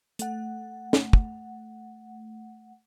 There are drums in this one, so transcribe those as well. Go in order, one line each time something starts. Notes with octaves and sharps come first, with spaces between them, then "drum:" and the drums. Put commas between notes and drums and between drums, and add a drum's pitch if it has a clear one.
A3 F#5, drum: hi-hat
drum: snare
drum: kick